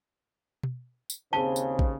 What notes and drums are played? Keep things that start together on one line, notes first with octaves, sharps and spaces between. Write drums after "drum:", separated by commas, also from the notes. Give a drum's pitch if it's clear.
drum: tom B2
drum: tambourine
D#2 C#3 C4 G#4 C5 A5 G7
drum: tambourine
drum: kick